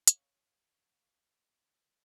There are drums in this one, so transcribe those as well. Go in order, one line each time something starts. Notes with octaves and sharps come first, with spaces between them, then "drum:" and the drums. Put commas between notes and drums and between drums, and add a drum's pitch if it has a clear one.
C#5 F5, drum: hi-hat